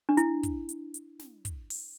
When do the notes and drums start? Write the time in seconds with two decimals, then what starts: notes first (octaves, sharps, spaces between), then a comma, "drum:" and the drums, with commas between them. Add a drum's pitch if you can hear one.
0.09 D4
0.17 E4, drum: hi-hat
0.43 drum: kick, hi-hat
0.69 drum: hi-hat
0.94 drum: hi-hat
1.19 drum: snare
1.45 drum: kick, hi-hat
1.70 drum: open hi-hat